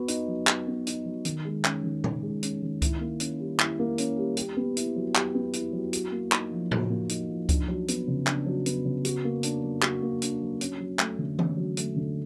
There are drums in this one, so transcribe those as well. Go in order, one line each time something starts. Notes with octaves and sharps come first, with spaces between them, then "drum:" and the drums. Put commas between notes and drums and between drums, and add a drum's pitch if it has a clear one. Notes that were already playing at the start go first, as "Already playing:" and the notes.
Already playing: B3 F#4
D#4, drum: hi-hat
F#3
F#4, drum: clap
B3
D#4, drum: hi-hat
F#3
D#3, drum: hi-hat
G#3
C#4, drum: clap
D#3
D#3, drum: tom A#2
G#3
C#4, drum: hi-hat
D#3
E4, drum: kick C#2, hi-hat
A#3
C#4, drum: hi-hat
G3
E4, drum: clap
A#3
C#4, drum: hi-hat
G3
G4, drum: hi-hat
B3
E4, drum: hi-hat
F#3
G4, drum: clap
B3
E4, drum: hi-hat
F#3
F#4, drum: hi-hat
A#3
D#4, drum: clap
F3
F#4, drum: tom A2
A#3
D#4, drum: hi-hat
F3
D4, drum: kick C#2, hi-hat
F#3
B3, drum: hi-hat
C#3
D4, drum: clap
F#3
B3, drum: hi-hat
C#3
F#4, drum: hi-hat
A#3
D4, drum: hi-hat
F#3
F#4, drum: clap
A#3
D4, drum: hi-hat
F#3
C#4, drum: hi-hat
F#3
A3, drum: clap
D3
C#4, drum: tom E3
F#3
A3, drum: hi-hat
D3